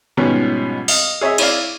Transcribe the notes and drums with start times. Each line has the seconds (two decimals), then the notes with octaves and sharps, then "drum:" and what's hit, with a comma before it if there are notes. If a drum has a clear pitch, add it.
0.17 G#2 B2 F3 G3 B3 C#4
0.88 D#5 F5, drum: open hi-hat
1.21 G#4 C#5 D#5 E5
1.38 E4 C#5 D5 F5, drum: cymbal